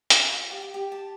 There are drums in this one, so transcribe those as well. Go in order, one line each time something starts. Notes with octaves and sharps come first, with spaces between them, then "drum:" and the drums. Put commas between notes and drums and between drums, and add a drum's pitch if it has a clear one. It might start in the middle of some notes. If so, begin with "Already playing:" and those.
G#4, drum: hi-hat
F4
G4
G4
G4
A5